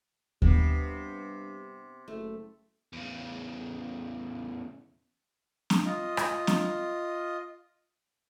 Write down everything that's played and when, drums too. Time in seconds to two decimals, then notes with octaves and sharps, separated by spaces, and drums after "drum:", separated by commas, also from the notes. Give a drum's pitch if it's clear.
0.42 G2 C3 B3, drum: kick D#2
2.08 F#1 A3
2.93 E2 C#3
5.70 drum: snare C4
5.85 F4 D#5
6.17 drum: rim click
6.47 drum: snare C4